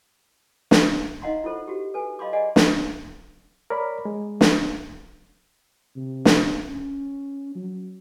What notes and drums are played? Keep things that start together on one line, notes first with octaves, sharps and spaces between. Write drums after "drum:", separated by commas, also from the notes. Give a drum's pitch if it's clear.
drum: snare
D#4 D#5 F5 F#5 A#5 C6
E4 F4 A4 C5
F#4 G4
A4 B4 G#5
D#5 F5 B5 C6 D6
G#4 D5 D#5 F#5 G#5
drum: snare
A#4 C#5 D5 B5
G#3
drum: snare
C3
drum: snare
C#4
F#3